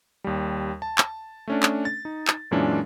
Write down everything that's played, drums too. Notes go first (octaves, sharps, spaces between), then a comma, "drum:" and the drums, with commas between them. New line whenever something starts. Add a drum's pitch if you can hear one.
D#2 G3
A5
drum: clap
A3 C#4 D4
drum: clap
A6
D#4
drum: clap
F#2 A#2 E3 G#3 C#4 D4